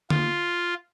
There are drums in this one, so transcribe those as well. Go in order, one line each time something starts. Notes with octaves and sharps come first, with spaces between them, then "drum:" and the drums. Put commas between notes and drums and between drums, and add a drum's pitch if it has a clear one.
F4, drum: tom